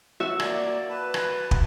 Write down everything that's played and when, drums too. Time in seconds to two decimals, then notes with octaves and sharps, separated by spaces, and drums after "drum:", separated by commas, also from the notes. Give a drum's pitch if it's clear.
0.20 F#4 E5
0.40 A#3 D5, drum: rim click
0.89 B4 A5
1.14 drum: rim click
1.51 drum: kick